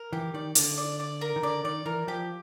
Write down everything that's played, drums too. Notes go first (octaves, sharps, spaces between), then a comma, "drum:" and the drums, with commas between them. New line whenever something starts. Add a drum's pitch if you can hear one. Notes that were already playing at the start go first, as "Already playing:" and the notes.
Already playing: A#4
E3 G4
D#3 D5
D3 D5, drum: hi-hat
D5
D5
A#4
D#3
D3 D5
D#3 D5
E3 A#4
F3 G4